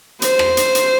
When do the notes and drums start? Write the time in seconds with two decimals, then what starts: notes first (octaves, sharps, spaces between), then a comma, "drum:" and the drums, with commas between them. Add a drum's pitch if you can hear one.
0.22 C5, drum: hi-hat
0.39 drum: rim click
0.57 drum: hi-hat
0.75 drum: hi-hat